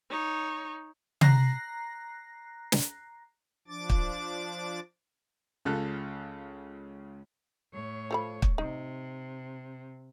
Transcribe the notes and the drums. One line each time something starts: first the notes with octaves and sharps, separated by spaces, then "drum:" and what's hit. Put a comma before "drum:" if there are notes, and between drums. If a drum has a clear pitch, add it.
D#4 C#5
A#5 F#6 A#6 C7, drum: tom
drum: snare
F3 D4 D6 A6
drum: kick
C#2 C#3 F4 A4 F#6
A2 C#5
F3 A4 B5
drum: kick
C3 D#4